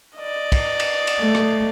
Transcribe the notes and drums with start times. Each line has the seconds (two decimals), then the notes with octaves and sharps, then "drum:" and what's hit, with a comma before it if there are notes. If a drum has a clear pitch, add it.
0.18 D5 D#5
0.52 drum: kick, cymbal
0.80 drum: cymbal
1.07 drum: cymbal
1.21 A3
1.35 drum: rim click